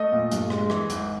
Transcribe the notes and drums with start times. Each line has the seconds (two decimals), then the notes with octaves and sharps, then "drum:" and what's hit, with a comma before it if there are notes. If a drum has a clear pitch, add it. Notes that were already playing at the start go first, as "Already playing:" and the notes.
Already playing: A3 D#5
0.12 A#2
0.31 G2, drum: hi-hat
0.50 G#3, drum: rim click
0.70 E3, drum: rim click
0.90 G#1, drum: hi-hat